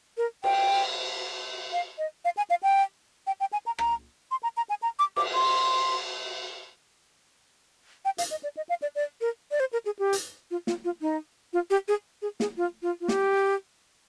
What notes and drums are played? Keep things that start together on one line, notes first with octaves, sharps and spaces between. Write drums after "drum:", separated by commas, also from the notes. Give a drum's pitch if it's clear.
A#4
G5, drum: cymbal
F5
D#5
F5
G#5
F5
G5
G5
G5
G#5
A#5
A#5, drum: rim click
C6
A#5
A#5
G#5
A#5
D6
D6, drum: cymbal
C6
G5
F5, drum: hi-hat
D#5
D5
D#5
F5
D5
D5
A#4
D5
C5
A#4
G#4
G4
drum: hi-hat
F4
F4, drum: snare
F4
D#4
F4
G4
G#4
G#4
G#4, drum: snare
F4
F4
F4
G4, drum: snare